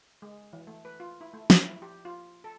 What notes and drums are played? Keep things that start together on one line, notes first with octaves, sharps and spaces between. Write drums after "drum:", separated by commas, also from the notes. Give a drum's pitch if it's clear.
G#3
E3
A3
B4
F4
E4
A3
F3, drum: snare
E4
G4
F4
A4